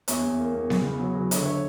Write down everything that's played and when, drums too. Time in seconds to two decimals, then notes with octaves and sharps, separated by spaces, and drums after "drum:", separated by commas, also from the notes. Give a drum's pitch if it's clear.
0.08 E2 C#5 E5, drum: hi-hat
0.24 E2
0.39 A#3
0.54 E2
0.70 C#3, drum: snare B3
0.85 B3
1.00 F#3
1.16 F#3
1.31 D3 C#5 E5, drum: hi-hat
1.46 C#5 E5